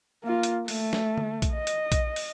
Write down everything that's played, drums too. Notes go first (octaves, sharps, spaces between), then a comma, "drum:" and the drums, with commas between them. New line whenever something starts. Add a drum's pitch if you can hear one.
A#3 F4
drum: hi-hat
A3, drum: open hi-hat
drum: snare
drum: tom D3
drum: kick A#1, hi-hat
D#5
drum: hi-hat
drum: kick A#1, hi-hat
drum: open hi-hat